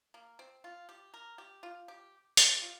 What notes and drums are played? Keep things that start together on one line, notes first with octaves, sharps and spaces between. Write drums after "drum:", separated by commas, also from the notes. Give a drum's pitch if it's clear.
A#3
C4
F4
G4
A#4
G4
F4
G4
G4, drum: hi-hat
F4